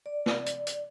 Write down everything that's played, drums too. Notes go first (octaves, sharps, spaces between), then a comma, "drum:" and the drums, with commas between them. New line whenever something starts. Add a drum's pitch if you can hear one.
D5
drum: snare
drum: hi-hat
drum: hi-hat